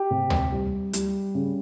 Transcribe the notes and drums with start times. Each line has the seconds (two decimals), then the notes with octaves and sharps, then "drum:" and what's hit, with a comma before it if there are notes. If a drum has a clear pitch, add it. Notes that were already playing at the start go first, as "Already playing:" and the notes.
Already playing: G4
0.11 C3
0.30 drum: tom D2
0.52 G3
0.93 G3, drum: hi-hat
1.35 C#3